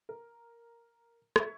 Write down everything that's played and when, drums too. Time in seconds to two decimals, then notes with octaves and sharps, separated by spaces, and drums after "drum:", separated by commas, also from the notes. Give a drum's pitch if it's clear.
0.09 A#4
1.36 E5 C#6 G#6, drum: rim click